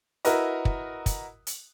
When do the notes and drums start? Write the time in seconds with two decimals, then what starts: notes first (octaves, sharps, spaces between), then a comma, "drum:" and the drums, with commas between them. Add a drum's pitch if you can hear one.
0.25 E4 F#4 A#4 B4 D#5, drum: hi-hat
0.65 drum: kick
1.06 drum: kick, hi-hat
1.47 drum: hi-hat